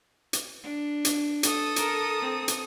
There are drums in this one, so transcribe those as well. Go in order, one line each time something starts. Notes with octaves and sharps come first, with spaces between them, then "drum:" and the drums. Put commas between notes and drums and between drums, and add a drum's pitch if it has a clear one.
drum: hi-hat
D4
drum: hi-hat
A4 D#6, drum: hi-hat
A#4, drum: hi-hat
C4
drum: hi-hat